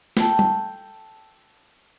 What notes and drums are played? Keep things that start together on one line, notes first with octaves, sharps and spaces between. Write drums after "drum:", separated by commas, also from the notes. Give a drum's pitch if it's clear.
A4 G5, drum: snare
drum: tom G3